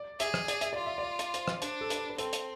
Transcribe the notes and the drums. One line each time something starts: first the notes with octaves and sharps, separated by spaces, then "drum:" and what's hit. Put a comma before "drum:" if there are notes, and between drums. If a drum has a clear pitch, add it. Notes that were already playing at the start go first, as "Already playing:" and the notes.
Already playing: D5
G#4 E5, drum: hi-hat
drum: rim click
D5, drum: hi-hat
E5, drum: hi-hat
F4 D5
E5
D5
drum: hi-hat
C5, drum: hi-hat
drum: rim click
D4 C5, drum: hi-hat
A4
B4, drum: hi-hat
B4
C4 A4, drum: hi-hat
drum: hi-hat